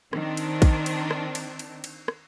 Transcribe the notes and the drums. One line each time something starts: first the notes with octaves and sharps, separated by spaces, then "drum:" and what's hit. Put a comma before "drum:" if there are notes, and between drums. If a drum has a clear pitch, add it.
D#3 C4 D4, drum: rim click
drum: cymbal
drum: kick A#1, cymbal
drum: cymbal
drum: rim click
drum: cymbal
drum: cymbal
drum: cymbal
drum: rim click